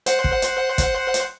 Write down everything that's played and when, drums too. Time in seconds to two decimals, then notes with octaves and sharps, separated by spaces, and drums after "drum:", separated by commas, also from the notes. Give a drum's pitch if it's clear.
0.06 C5 F#5, drum: hi-hat
0.24 drum: kick
0.42 drum: hi-hat
0.78 drum: kick, hi-hat
1.14 drum: hi-hat